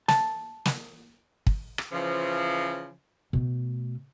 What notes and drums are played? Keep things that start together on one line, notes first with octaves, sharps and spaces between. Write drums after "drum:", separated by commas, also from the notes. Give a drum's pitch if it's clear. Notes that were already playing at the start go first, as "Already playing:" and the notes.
A5, drum: snare
drum: snare
drum: kick
drum: rim click
C#3 E3 F3
B2 A3